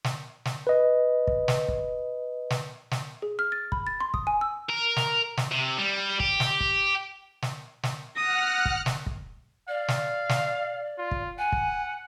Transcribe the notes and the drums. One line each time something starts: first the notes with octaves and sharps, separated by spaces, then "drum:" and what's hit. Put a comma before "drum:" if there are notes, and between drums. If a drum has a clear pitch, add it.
drum: snare
drum: snare
B4 D#5
drum: kick
drum: snare
drum: kick
drum: snare
drum: snare
G#4
F6
A6
B5, drum: kick
A6
C6
D#6, drum: kick
G#5
E6
A#4
drum: snare
drum: snare
C3
G3
G4, drum: kick
drum: snare
drum: kick
drum: snare
drum: snare
F#5 D#6 F6 F#6 A#6
drum: kick
drum: snare
drum: kick
D5 F5
drum: snare
drum: snare
F4
drum: kick
F#5 G#5
drum: kick